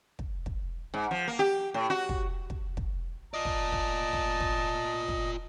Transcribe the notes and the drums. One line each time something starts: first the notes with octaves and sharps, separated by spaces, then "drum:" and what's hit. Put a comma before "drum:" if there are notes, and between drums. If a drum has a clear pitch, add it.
drum: kick
drum: kick
G#2
F3
A#3
G4
A2
F#4
drum: kick
drum: kick
drum: kick
F4 D5 D#5 A5
drum: kick
drum: kick
drum: kick
drum: kick
drum: kick